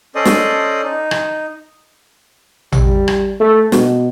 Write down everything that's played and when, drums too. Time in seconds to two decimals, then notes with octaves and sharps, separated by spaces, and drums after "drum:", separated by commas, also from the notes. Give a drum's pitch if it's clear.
0.15 C#4 A4 C5 D5 D#5 D#6
0.25 drum: snare
0.84 D#4
1.11 drum: rim click
2.72 G3, drum: tom A1
3.08 drum: rim click
3.40 A3
3.72 B2, drum: snare